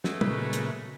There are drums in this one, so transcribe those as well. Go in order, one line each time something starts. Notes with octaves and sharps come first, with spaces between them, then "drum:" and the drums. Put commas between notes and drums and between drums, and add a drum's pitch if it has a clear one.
F#3 G#3 A3 B3, drum: snare
A#2 C#3 B4, drum: tom
drum: hi-hat